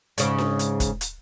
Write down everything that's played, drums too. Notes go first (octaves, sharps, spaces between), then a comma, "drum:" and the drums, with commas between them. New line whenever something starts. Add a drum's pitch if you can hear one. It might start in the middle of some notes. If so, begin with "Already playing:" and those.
G#2 C#3, drum: hi-hat
drum: snare D4
drum: hi-hat
drum: kick, hi-hat
drum: hi-hat